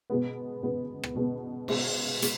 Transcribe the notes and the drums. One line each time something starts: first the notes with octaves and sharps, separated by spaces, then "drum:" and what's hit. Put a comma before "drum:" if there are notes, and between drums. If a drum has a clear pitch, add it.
B2 G#3 B3
B2 G#3 B3
drum: rim click
B2 G#3 B3
B2 G#3 B3, drum: cymbal
G#3, drum: hi-hat